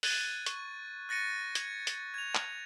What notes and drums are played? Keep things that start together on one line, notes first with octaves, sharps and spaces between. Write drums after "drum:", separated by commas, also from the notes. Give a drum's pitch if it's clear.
F#6 G#6 A6 D#7, drum: open hi-hat
C#6, drum: hi-hat
F#6 A6 A#6 C#7 D#7
G#6, drum: hi-hat
drum: hi-hat
G#6 F7
drum: clap